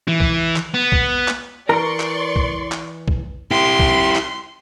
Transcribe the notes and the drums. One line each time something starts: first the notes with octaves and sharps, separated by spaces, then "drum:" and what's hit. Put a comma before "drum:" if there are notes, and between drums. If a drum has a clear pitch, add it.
E3
drum: kick
drum: clap
B3
drum: kick
drum: clap
E3 A#4 D5 A#5 C6 C#6
drum: clap
drum: kick
drum: clap
drum: kick
E4 G4 C6
drum: kick
drum: clap